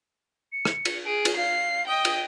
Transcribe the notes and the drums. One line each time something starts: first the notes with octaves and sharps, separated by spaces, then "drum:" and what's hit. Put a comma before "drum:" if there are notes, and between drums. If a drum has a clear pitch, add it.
C#7
drum: rim click
drum: cymbal
G#4 D7
drum: cymbal
F5 C7
D#5 G5 D#6
drum: cymbal